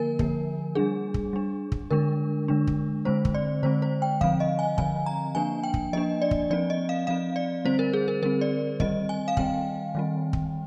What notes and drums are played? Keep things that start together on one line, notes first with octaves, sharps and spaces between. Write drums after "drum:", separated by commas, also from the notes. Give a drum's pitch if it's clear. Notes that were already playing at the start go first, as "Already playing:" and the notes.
Already playing: D3 F3 A#3 A#4 G#5
D3 F3 A#3, drum: kick
G3 D4 G#4
drum: kick
G3 D4
drum: kick
D3 G#3 D4 A#4
D3 G#3 D4
drum: kick
D3 G#3 C4 C5
drum: kick
D5
D3 G#3 C4 C5
C5
G5
D3 F3 C4 F5, drum: kick
D#5
G#5
D3 F3 C4 G#5, drum: kick
A#5
F3 A#3 D4 G#5
G5
drum: kick
F3 A#3 D4 D#5
D5
drum: kick
F3 C4 D5
D#5
F5
F3 C4 F5
D5
D3 G3 C4 C5
A#4
G#4
A#4
D3 G3 C4 A#4
D5
D#3 G3 C4 D#5, drum: kick
G#5
F5
D#3 G3 C4 G5, drum: kick
D#3 G3 C4
drum: kick